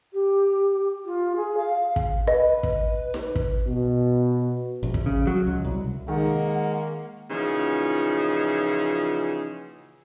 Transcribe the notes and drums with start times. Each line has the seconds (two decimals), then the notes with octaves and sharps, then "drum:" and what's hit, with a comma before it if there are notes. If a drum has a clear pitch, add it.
0.13 G4
1.06 F4
1.36 G#4
1.57 F5
1.96 drum: kick
2.27 B4 D#5
2.63 drum: kick
3.14 drum: snare D#4
3.35 drum: kick
3.67 B2
4.83 A#1
4.94 drum: kick
5.06 C#3
5.27 F#3
5.47 C#2
5.65 C2
6.08 D#3 G#3 A#3 F#5
7.30 A#2 C#3 E3 F3 D#4 F#4